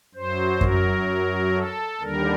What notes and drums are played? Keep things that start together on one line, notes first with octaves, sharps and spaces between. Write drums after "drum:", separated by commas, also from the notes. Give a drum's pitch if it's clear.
F#2 F#3 C5
A#4, drum: kick F#2
A4
D#2 D3 G3 A#4